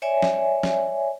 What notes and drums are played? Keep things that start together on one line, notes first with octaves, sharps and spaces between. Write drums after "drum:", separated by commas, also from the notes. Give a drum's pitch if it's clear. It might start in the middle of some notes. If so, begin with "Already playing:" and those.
C#5 D5 E5 G#5
drum: snare
drum: snare